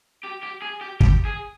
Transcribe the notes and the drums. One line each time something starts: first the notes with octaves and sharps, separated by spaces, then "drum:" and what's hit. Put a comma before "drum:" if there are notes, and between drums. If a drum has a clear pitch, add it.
G4
G4
G#4
G4
G4, drum: kick
G#4